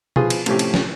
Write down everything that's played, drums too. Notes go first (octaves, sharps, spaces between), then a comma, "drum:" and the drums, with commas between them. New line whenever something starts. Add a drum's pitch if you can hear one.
F3 B3 F4 G#4, drum: tom B2
drum: cymbal
A2 C3 F3 A3 C#4 G4, drum: cymbal
drum: cymbal
drum: snare